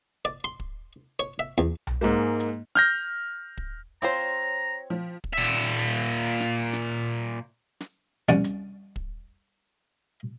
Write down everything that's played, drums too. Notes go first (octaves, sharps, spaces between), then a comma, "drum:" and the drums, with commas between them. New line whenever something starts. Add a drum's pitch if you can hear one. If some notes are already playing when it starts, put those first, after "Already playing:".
D5
C6
drum: kick
C#5
E5
E2
drum: tom B1
G#2 G#3 A#3
drum: hi-hat
F6 G6 A#6, drum: snare
drum: kick
C4 F4 C5 C#5 A#5
F3
drum: kick
A#2 E5
drum: snare
drum: snare
drum: snare
C2 C#4 F#4 D5 F#5, drum: snare
drum: hi-hat
drum: kick